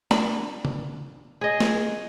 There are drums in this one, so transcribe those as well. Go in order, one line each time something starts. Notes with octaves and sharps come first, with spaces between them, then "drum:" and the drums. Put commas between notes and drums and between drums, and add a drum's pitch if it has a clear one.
D4 B5, drum: snare
drum: tom C#3
G#4 D#5
drum: snare